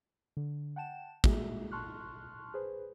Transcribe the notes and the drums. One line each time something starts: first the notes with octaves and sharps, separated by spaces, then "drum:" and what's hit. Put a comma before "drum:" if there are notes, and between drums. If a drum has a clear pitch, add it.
D3
F#5 G5 A5 E7
G3 G#3 A#3 F#4 G#4 E5, drum: kick
A5 C6 C#6 F6 F#6
G#4 B4 C5